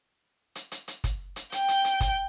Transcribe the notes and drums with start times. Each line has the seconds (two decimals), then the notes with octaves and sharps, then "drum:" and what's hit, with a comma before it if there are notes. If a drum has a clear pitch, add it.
0.55 drum: hi-hat
0.72 drum: hi-hat
0.88 drum: hi-hat
1.04 drum: kick, hi-hat
1.36 drum: hi-hat
1.52 G5, drum: hi-hat
1.68 drum: hi-hat
1.84 drum: hi-hat
2.01 drum: kick, hi-hat